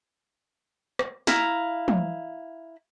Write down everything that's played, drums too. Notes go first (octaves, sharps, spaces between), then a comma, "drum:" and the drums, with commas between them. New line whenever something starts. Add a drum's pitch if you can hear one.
drum: rim click
E4 F5 A#5, drum: snare
drum: tom